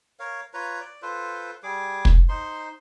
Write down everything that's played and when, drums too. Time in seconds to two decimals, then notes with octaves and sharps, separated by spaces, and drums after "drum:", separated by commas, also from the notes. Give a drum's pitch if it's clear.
0.19 A#4 C#5 F5
0.54 F4 B4 C#5 A#5
0.80 D5
1.02 F4 A4 B4 C5
1.63 G3 G#4 D6
2.05 drum: kick
2.29 D#4 C5 C6